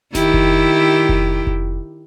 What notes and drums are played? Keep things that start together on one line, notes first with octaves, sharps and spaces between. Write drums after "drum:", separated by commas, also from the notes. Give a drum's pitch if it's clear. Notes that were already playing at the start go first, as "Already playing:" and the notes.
D#3 E4 G4, drum: snare E1
drum: kick F1
drum: kick F1
drum: kick F1